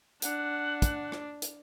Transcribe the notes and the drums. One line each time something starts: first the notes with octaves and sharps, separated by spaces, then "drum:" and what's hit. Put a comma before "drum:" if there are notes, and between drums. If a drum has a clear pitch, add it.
D4 F#5, drum: hi-hat
drum: kick, hi-hat
drum: rim click
drum: hi-hat